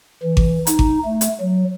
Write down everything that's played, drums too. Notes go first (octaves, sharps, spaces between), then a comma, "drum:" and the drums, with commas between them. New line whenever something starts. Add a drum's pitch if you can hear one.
E3
drum: kick G#1
D#4, drum: hi-hat
drum: kick G#1
A3
drum: hi-hat
F#3